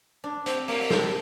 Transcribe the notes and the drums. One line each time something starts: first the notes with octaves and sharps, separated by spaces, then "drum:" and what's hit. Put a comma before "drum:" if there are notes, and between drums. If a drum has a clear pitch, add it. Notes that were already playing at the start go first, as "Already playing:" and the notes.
D4
C4, drum: hi-hat
A#3, drum: open hi-hat
A3, drum: snare